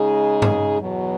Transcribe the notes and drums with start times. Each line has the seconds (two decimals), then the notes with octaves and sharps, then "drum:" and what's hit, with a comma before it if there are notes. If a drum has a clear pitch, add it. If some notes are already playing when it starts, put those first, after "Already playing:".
Already playing: C#3 G#3 D#4 G#4
0.42 drum: tom G2
0.80 E2 B2 F#3